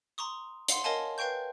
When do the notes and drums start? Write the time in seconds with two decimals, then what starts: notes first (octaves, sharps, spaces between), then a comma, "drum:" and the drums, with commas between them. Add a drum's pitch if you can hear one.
0.18 A#5 C6 C#6 D#6
0.68 F5 F#5 C6, drum: hi-hat
0.84 A#4 C#5 D#5 F5 G#5 A5
1.18 B4 F5 G5 C#6 G6